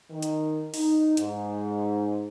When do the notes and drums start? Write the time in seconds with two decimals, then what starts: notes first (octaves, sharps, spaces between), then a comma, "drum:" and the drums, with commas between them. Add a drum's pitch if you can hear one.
0.10 D#3
0.22 drum: hi-hat
0.74 D#4, drum: open hi-hat
1.17 G#2, drum: hi-hat